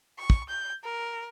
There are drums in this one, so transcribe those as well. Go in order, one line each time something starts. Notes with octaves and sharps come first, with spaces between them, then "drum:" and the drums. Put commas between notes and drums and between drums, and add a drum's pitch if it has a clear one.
C#6
drum: kick
G6
A#4